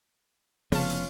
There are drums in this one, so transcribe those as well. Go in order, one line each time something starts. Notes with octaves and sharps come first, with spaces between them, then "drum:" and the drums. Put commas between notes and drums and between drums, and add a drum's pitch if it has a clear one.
F1 C#3 F3 B3 C#4 F4 A5, drum: open hi-hat
drum: hi-hat